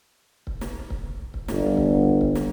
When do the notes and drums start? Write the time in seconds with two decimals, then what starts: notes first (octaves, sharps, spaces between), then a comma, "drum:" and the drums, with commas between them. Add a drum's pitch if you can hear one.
0.47 drum: kick C#1
0.61 drum: snare
0.90 drum: kick C#1
1.34 drum: kick C#1
1.48 G1, drum: snare
1.77 drum: kick C#1
2.21 drum: kick C#1
2.35 drum: snare